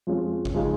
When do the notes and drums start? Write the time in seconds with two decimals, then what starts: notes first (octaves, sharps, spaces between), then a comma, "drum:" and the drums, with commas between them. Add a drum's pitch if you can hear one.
0.07 F2 F3 G#3 C#4
0.45 drum: kick G1
0.54 C#3 F3 G#3 D#4